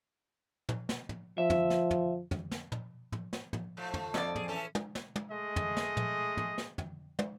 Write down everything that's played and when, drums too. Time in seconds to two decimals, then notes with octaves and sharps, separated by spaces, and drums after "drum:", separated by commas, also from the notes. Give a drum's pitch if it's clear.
0.69 drum: tom
0.89 drum: snare
1.09 drum: tom
1.38 F3 E5
1.50 drum: tom
1.70 drum: snare
1.91 drum: tom
2.31 drum: tom
2.51 drum: snare
2.72 drum: tom
3.12 drum: tom
3.33 drum: snare
3.53 drum: tom
3.77 G#2 F3 A3
3.94 drum: tom
4.14 F2 D5, drum: snare
4.36 G#4, drum: tom
4.48 E3 C#4 A4
4.75 drum: tom
4.95 drum: snare
5.16 drum: tom
5.31 G#3 A3 G#4 D#5
5.56 drum: tom
5.76 drum: snare
5.97 drum: tom
6.37 drum: tom
6.58 drum: snare
6.78 drum: tom
7.19 drum: tom